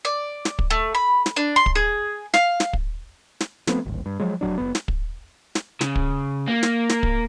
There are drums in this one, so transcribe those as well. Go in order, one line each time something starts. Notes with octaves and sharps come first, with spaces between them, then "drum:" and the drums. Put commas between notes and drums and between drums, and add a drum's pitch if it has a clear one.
D5
drum: snare
drum: kick
A3
B5
drum: snare
D4
C6
drum: kick
G#4
F5, drum: snare
drum: snare
drum: kick
drum: snare
F3 A3 B3 C4, drum: snare
D1 G#1
G2
F3 F#3 G#3
F1 D#2 F#3 D4
F#1 B3
drum: snare
drum: kick
drum: snare
C#3, drum: snare
drum: kick
A#3
drum: snare
drum: snare
drum: kick